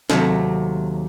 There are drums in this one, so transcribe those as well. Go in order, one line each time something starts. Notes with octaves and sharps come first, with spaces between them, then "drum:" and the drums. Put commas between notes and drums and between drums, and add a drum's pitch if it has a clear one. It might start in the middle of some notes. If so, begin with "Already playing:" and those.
D#2 C3 E3 F#3 A3, drum: snare